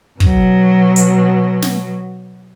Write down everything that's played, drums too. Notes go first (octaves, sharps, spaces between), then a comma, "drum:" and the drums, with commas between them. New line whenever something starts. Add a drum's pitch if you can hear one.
B2 F#3, drum: kick
drum: hi-hat
drum: snare